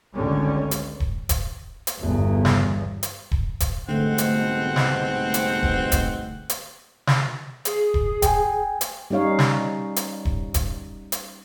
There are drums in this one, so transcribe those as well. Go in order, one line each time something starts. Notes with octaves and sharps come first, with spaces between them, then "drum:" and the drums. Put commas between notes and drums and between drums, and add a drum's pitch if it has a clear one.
G#1 C#2 D3 G3 C#4
drum: hi-hat
drum: kick D#1
drum: kick D#1, hi-hat
drum: hi-hat
G1 E2
drum: snare
drum: hi-hat
drum: kick D#1
drum: kick D#1, hi-hat
C2 G#2 B2 D3 A3 C4 F#5
drum: hi-hat
drum: snare
drum: hi-hat
drum: kick D#1
drum: kick D#1, hi-hat
drum: hi-hat
drum: snare
G#4, drum: hi-hat
drum: kick D#1
G5 G#5, drum: kick D#1, hi-hat
drum: hi-hat
G3 C#4 D#4 C#5 F5
drum: snare
drum: hi-hat
drum: kick D#1
drum: kick D#1, hi-hat
drum: hi-hat